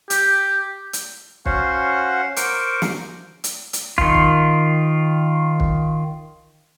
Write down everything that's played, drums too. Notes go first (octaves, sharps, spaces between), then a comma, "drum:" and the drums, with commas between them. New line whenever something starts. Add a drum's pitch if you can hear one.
G4, drum: hi-hat
drum: hi-hat
C#4 F#4 C5 C#5 F5 F#5, drum: kick
A#4 C5 C#6 D6, drum: hi-hat
drum: snare
drum: hi-hat
drum: hi-hat
D#3 F4, drum: kick
drum: kick
drum: kick